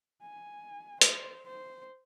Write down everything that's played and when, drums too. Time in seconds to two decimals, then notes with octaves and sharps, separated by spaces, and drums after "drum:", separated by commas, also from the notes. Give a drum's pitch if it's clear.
0.22 G#5
1.01 C5, drum: hi-hat
1.46 C5